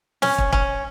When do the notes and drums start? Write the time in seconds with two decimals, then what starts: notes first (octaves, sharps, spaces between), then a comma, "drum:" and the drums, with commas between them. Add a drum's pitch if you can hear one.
0.22 C#4, drum: snare
0.38 drum: kick
0.53 C#4, drum: kick